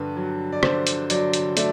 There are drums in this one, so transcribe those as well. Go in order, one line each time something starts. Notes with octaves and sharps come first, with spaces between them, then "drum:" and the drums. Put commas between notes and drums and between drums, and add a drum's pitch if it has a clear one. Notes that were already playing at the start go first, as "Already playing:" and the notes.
Already playing: G2 D3 B4
F#3
D5
D3 C5, drum: rim click
drum: hi-hat
F#3 D5, drum: hi-hat
drum: hi-hat
A3 D5, drum: hi-hat